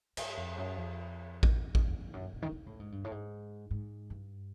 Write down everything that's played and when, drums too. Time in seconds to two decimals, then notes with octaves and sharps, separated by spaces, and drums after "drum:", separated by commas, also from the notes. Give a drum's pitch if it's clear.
0.17 G2, drum: cymbal
0.37 F2
0.57 F#2
0.77 F2
1.43 drum: kick A1
1.75 E2, drum: kick A1
1.88 E2
2.00 F2
2.14 F#2
2.34 A#2
2.42 D#3
2.52 C#3
2.66 A2
2.79 G#2
2.92 G2
3.04 A2
3.11 G#2
3.71 G#2
4.10 G2